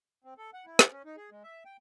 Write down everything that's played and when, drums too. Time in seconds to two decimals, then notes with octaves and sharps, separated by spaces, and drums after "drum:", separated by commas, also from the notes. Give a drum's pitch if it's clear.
0.24 C4
0.37 A4
0.54 F#5
0.66 E4
0.79 E3, drum: snare
0.92 C#4
1.05 D#4
1.16 G#4
1.31 G#3
1.44 E5
1.65 G5